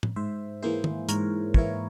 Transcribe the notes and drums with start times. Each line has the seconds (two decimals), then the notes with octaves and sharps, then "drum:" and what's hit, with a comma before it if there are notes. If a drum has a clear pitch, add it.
0.03 drum: tom A2
0.16 G#2 C5 E5
0.62 E3 A#3 E4 G#4 C5
0.84 drum: tom
1.09 G#2 A#4 C#5, drum: hi-hat
1.54 E3 A#3 E4 A#4 C#5, drum: kick